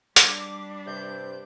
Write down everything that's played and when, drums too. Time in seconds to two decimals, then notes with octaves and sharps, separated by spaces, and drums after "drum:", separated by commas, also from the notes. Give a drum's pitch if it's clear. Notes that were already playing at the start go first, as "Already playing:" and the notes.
0.16 G3 D4 D6, drum: hi-hat
0.87 G2 C3 G6